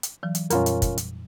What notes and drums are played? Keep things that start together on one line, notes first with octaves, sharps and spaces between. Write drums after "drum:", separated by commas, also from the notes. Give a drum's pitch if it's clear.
drum: hi-hat
E3 F#3
drum: hi-hat
F2 A#2 G3 C#4 F4 A#4, drum: hi-hat
drum: hi-hat
drum: kick, hi-hat
drum: hi-hat